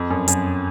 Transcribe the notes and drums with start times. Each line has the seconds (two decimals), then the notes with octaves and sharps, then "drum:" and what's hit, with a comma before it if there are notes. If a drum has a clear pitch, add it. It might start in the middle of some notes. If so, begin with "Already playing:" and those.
Already playing: F2
0.10 F#2
0.28 F#2, drum: hi-hat